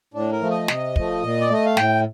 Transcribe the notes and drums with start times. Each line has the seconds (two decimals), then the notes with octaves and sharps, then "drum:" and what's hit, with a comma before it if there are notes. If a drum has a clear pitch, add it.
0.14 A2 D4
0.32 A#4
0.41 F3 A3
0.50 D#5
0.68 C3, drum: snare
0.96 F3 A3, drum: kick
1.23 A#2
1.41 D5
1.50 A3 D#5
1.65 F5
1.77 A2 G5, drum: snare